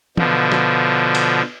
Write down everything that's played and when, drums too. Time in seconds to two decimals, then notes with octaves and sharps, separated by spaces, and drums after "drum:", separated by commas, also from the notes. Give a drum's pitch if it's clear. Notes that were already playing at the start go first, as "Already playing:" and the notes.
0.17 B2 D3 F3, drum: tom
0.52 drum: snare
1.15 drum: cymbal